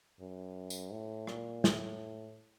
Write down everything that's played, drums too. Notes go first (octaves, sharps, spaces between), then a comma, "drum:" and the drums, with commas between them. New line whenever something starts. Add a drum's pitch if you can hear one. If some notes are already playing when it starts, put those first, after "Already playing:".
F#2
drum: tambourine
A2
A#2, drum: rim click
A2, drum: snare